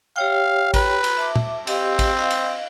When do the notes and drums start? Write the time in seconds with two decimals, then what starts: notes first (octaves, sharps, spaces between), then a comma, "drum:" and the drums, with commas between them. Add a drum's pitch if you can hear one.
0.16 G4 C#5 F5 G5
0.74 B4, drum: kick A1, cymbal
1.04 drum: cymbal
1.17 E5 A5 D6
1.36 drum: tom
1.67 C4 G4 D#5 F5, drum: cymbal
1.99 drum: kick A1, cymbal
2.17 D#5 F5
2.30 drum: cymbal